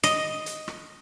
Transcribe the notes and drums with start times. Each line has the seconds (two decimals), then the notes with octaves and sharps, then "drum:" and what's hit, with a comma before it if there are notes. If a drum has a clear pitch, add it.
0.03 D#5, drum: hi-hat
0.46 drum: hi-hat
0.68 drum: rim click